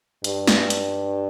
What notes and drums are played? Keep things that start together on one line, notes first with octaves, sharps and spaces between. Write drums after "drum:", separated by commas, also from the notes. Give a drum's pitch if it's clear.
G2, drum: hi-hat
drum: snare
drum: hi-hat